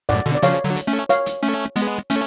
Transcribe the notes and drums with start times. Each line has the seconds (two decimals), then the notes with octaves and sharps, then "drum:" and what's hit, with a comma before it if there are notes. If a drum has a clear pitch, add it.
0.09 F#2 A2 D5 F#5
0.26 B2 D3
0.35 D5
0.42 C#3 F3 C#5 F5, drum: hi-hat
0.64 D3 F#3
0.76 drum: hi-hat
0.87 A3 C#4
1.09 C#5 F5, drum: hi-hat
1.26 drum: hi-hat
1.43 A3 C#4
1.76 G#3 B3, drum: hi-hat
2.10 A3 C#4, drum: hi-hat